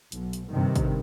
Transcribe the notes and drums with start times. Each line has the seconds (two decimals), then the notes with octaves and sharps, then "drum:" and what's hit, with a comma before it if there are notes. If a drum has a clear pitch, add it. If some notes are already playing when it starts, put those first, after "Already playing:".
0.12 B1, drum: hi-hat
0.33 drum: hi-hat
0.50 G2 C3 D#3
0.76 drum: kick, hi-hat